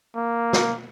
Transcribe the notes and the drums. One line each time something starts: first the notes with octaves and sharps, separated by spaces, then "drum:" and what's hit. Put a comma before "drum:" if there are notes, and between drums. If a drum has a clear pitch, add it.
A#3
drum: snare